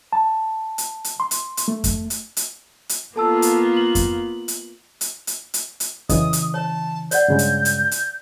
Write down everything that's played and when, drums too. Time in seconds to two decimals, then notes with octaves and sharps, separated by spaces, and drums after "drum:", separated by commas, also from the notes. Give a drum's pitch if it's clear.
0.13 A5
0.78 drum: hi-hat
1.04 drum: hi-hat
1.20 C6
1.31 drum: hi-hat
1.57 drum: hi-hat
1.68 A3
1.84 drum: kick F2, hi-hat
2.10 drum: hi-hat
2.37 drum: hi-hat
2.89 drum: hi-hat
3.16 A#3 B3 F4 A4 A5 E6
3.42 drum: hi-hat
3.77 F#7
3.95 drum: kick F2, hi-hat
4.48 drum: hi-hat
5.01 drum: hi-hat
5.27 drum: hi-hat
5.54 drum: hi-hat
5.80 drum: hi-hat
6.09 C#3 E3 D#5 D#6, drum: kick F2, hi-hat
6.33 drum: hi-hat
6.54 C#5 A5
7.11 C#5 D5 F#5 G6, drum: hi-hat
7.28 G2 C#3 G#3
7.39 drum: hi-hat
7.65 drum: hi-hat
7.91 drum: hi-hat